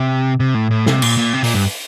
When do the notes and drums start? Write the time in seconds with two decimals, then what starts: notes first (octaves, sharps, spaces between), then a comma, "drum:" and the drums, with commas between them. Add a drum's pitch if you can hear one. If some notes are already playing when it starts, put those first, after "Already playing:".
Already playing: C3
0.40 C3
0.54 A2
0.71 A2
0.86 C3, drum: snare
1.02 A#2, drum: cymbal
1.18 A#2
1.33 C3
1.44 A#2, drum: open hi-hat
1.54 G2